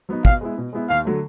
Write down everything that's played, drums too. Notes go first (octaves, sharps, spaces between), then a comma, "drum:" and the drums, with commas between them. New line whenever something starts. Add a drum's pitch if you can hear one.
F#3 B3 D#4
B2 F5, drum: kick
G#3 B3 E4
B2
G#3 B3 E4
D#2 F5
D3 F#3 A3